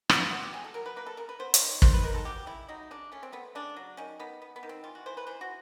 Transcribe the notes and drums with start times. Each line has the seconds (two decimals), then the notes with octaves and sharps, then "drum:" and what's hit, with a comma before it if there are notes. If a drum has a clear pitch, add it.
0.10 B2 F#4, drum: rim click
0.20 F4
0.31 B3 F#4
0.43 G4
0.53 F#3 G#4
0.64 A4
0.74 F#3 A#4
0.86 B4
0.96 A#3 B4
1.06 A4
1.17 C#3 A#4
1.29 B4
1.39 B3 C5
1.54 C#5, drum: hi-hat
1.61 D#3
1.69 C#5
1.82 D#3 C5, drum: kick
1.94 B4
2.03 D#3 A#4
2.15 A4
2.25 F#3 G4
2.46 C#3 E4
2.69 F#3 D#4
2.91 C#3 D4
3.12 A3 C#4
3.23 C4
3.32 A3 B3
3.55 C#3 D4
3.76 F#3
3.97 D#3 C#4
4.20 D#3 B3
4.42 B3
4.56 B3
4.63 D#3
4.69 C4
4.84 E3 F4
4.95 F#4
5.06 E3 C5
5.17 B4
5.27 E3 C5
5.41 F#4